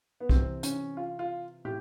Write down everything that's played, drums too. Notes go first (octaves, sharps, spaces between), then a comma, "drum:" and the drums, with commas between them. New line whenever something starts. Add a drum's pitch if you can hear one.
B3
C3 E3 C4, drum: kick B1
C#4, drum: hi-hat
F4
F4
A2 G4